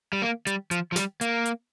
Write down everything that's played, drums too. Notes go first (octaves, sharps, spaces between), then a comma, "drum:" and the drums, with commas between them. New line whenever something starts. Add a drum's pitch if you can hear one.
G3
A#3
G3, drum: hi-hat
F3, drum: hi-hat
F3
G3, drum: snare
A#3, drum: hi-hat
drum: hi-hat